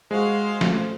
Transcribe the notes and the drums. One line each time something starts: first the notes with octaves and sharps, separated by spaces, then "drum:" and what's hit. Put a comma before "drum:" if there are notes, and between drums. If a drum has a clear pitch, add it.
G#3 F#4 C5 F5
A3, drum: snare